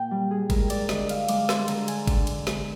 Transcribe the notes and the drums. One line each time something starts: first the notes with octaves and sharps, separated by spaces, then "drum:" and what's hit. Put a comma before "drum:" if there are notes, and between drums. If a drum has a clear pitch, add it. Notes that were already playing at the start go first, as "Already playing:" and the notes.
Already playing: A#2 G5
G3
G#4
G#3 A#4, drum: kick G1, cymbal
D5, drum: cymbal
D3 D#5, drum: snare
F5, drum: cymbal
G#3 D6, drum: cymbal
C6, drum: snare
D3 A#5, drum: cymbal
G#5, drum: cymbal
D3, drum: kick G1, cymbal
drum: cymbal
G#3, drum: snare